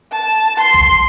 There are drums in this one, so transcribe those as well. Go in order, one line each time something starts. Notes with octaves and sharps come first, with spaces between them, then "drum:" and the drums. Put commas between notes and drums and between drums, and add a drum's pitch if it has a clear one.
A5
C6
drum: kick A#1